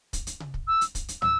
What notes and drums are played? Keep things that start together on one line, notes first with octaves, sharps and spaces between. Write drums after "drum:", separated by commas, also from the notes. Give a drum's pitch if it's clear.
drum: kick, hi-hat
drum: hi-hat
drum: tom C3
drum: kick
E6
drum: hi-hat
drum: kick, hi-hat
drum: hi-hat
E6, drum: tom